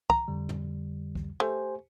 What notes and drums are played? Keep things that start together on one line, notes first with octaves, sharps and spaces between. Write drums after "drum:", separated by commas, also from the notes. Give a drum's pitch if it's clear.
A#5, drum: kick C2
F2 D3 G3
drum: tom
drum: kick C2
A3 G4 C5 G#5